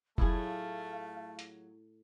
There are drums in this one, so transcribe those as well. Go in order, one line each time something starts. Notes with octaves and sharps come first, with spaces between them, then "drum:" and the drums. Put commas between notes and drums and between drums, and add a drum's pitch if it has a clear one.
A2 F#3 A3 E4 F4 G#4 C#5 F5, drum: kick F1
drum: hi-hat